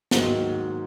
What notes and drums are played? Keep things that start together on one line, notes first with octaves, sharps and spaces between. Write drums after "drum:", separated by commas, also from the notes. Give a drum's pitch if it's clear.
G#2 D#3 F#3 A#3, drum: snare